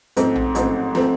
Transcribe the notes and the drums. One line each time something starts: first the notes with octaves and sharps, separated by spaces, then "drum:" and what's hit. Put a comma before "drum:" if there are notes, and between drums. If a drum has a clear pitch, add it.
A1 G#2 F3 A3 C4, drum: hi-hat
drum: tom A#1
A1 G#2 F3 A3 C4, drum: hi-hat
F3 A3 C4, drum: snare